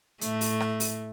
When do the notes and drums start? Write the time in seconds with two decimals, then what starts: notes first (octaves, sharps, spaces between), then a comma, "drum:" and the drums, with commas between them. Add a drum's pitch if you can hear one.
0.21 A2 A3, drum: hi-hat
0.41 drum: open hi-hat
0.60 drum: rim click
0.80 drum: open hi-hat